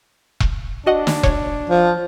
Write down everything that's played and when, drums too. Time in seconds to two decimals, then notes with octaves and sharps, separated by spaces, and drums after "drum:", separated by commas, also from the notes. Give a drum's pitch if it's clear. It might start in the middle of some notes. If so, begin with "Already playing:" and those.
0.40 drum: kick E1
0.86 D4 F#4 D#5 F#5
1.07 drum: snare
1.23 C#5, drum: kick E1
1.70 F3